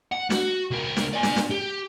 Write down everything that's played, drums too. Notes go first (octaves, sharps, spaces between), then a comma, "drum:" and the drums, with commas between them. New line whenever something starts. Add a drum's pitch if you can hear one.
F#5
F#4, drum: snare
C#2 A#4
drum: snare
D5 G#5
drum: snare
drum: snare
G4